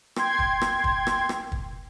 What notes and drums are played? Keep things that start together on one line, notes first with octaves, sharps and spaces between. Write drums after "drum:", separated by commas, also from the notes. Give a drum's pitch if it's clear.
G5 C6 G#6, drum: rim click
drum: kick
drum: rim click
drum: kick
drum: rim click
drum: rim click
drum: kick